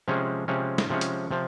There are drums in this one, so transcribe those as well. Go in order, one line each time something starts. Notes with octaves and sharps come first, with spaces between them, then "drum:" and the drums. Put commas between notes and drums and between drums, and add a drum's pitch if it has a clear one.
C3 F3 G#3 C#4
C3 F3 G#3 C#4
drum: snare
C3 F3 G#3 C#4
drum: hi-hat
C3 F3